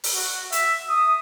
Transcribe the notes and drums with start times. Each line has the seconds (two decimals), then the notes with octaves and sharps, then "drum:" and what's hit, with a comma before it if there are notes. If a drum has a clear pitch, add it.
0.04 drum: open hi-hat
0.13 F#4
0.52 E5, drum: hi-hat
0.89 D#6